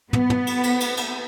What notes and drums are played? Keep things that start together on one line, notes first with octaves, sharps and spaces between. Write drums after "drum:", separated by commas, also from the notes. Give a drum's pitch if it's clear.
B3, drum: tom
drum: tom
drum: cymbal
drum: cymbal
drum: cymbal
drum: cymbal